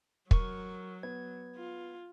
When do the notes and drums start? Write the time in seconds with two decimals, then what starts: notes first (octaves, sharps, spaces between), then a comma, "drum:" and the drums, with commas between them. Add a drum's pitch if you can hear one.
0.31 F#3 A#4 C#6, drum: kick
1.03 B3 G#6
1.57 F4